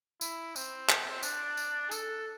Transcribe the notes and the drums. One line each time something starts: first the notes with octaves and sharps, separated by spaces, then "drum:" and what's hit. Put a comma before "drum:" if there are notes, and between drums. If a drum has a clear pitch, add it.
E4, drum: tambourine
C4, drum: tambourine
drum: clap
D4, drum: tambourine
drum: tambourine
A4, drum: tambourine